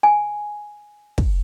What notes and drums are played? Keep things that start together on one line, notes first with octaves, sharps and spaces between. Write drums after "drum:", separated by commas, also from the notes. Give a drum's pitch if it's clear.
G#5
drum: kick